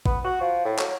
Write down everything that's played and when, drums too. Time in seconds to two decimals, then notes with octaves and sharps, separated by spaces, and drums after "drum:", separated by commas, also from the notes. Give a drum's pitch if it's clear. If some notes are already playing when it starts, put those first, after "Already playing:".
0.06 B3, drum: kick
0.24 F#4
0.41 F3
0.65 A2
0.79 F#3, drum: clap